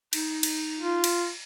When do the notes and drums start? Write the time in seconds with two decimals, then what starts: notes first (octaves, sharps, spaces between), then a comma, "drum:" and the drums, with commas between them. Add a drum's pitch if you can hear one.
0.13 D#4, drum: cymbal
0.43 drum: cymbal
0.79 F4
1.04 drum: cymbal